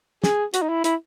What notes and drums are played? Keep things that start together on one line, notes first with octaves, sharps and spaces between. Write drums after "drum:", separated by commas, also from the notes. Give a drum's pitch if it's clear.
G#4, drum: snare
F#4, drum: hi-hat
D#4
E4
E4, drum: hi-hat